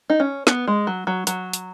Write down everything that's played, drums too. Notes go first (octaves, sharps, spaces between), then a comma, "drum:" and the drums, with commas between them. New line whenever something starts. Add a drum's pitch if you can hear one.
D#4
C#4
B3, drum: snare
G#3
F#3
F#3
F#3, drum: hi-hat
drum: hi-hat